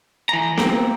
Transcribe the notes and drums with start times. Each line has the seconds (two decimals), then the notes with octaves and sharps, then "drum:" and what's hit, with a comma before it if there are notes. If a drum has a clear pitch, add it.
0.29 E3 A#5
0.57 A#3 C4, drum: snare B3